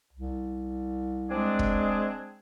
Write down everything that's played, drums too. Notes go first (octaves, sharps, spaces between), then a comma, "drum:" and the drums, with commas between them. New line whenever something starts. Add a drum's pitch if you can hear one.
C2
G#3 C4 D4 G#4
drum: kick